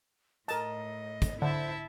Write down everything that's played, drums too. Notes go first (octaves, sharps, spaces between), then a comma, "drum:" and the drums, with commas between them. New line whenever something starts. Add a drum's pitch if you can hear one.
A2 A#4 D#5 A5, drum: hi-hat
drum: kick, hi-hat
D3 E4 C5 E5 A5